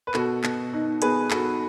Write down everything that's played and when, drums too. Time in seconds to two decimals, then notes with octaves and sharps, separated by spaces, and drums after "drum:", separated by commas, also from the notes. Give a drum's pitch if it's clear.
0.07 B4
0.14 B2 F#4 A4, drum: clap
0.44 B2, drum: clap
0.73 D#4
1.02 B3 G#4 B4, drum: hi-hat
1.31 B3 F#4 A4, drum: clap